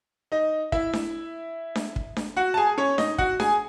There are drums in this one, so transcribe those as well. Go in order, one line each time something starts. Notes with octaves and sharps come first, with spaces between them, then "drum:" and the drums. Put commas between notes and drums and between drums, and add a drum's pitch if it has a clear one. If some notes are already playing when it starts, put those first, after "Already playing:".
D#4 D#5
E4 E5, drum: kick
drum: snare D4
drum: snare D4
drum: kick
drum: snare D4
F#4 F#5
A5
G#4 G#5
C#4 C#5
D#4 D#5, drum: snare D4
F#4 F#5, drum: kick
G#4 G#5, drum: snare D4